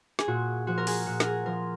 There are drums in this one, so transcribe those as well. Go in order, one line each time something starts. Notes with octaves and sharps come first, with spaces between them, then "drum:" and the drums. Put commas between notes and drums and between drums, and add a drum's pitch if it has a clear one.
G#4, drum: snare
A#2 F#4
F3 F#4
A#4
G#4, drum: open hi-hat
A#2 F#4
A#4, drum: snare
G#4
F3 A#4